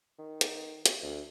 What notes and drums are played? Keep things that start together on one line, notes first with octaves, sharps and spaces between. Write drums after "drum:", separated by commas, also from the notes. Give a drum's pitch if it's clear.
D#3
drum: hi-hat
drum: hi-hat
D2